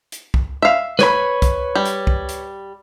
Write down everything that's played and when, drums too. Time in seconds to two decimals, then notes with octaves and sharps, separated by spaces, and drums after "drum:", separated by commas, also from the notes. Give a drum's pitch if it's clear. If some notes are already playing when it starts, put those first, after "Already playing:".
0.12 drum: hi-hat
0.34 drum: kick
0.62 E5 F5
0.99 B4 C#5 B5, drum: snare
1.42 drum: kick, hi-hat
1.75 G3
1.85 drum: hi-hat
2.07 drum: kick
2.29 drum: hi-hat